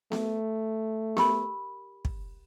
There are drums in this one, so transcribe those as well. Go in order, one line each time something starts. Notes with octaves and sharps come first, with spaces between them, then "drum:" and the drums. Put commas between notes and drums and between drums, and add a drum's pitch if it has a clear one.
A3, drum: snare B3
G4 A#4 B5, drum: snare B3
drum: kick